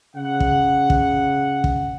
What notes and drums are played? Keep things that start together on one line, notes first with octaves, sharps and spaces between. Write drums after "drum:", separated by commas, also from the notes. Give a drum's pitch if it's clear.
C#3 F#5
drum: kick
drum: kick
drum: kick